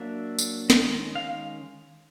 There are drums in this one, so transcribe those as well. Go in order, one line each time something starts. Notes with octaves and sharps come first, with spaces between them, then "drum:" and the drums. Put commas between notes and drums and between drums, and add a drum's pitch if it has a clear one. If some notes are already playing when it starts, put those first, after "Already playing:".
Already playing: F#3 A#3 D4 E5
drum: tambourine
D#3 G#3 C#4 D#5, drum: snare
F5